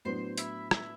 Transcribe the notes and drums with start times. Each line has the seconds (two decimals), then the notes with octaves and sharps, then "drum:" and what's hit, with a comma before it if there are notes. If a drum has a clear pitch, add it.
0.05 A2 F#3 B3 D4 C5 C6
0.38 E4 E5, drum: hi-hat
0.71 E4 E5, drum: rim click